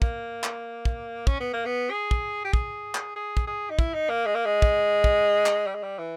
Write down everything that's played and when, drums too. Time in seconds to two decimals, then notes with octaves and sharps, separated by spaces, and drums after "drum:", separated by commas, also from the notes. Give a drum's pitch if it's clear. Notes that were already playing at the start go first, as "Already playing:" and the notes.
0.02 A#3, drum: kick
0.44 drum: clap
0.85 drum: kick
1.27 C#4, drum: kick
1.40 B3
1.53 A#3
1.66 B3
1.90 G#4
2.11 drum: kick
2.45 G4
2.53 G#4, drum: kick
2.95 drum: clap
3.16 G#4
3.37 drum: kick
3.47 G#4
3.70 D#4
3.79 E4, drum: kick
3.94 D#4
4.10 A#3
4.26 G#3
4.35 A#3
4.45 G#3
4.62 drum: kick
5.04 drum: kick
5.46 drum: clap
5.67 G3
5.75 G#3
5.83 G3
5.99 E3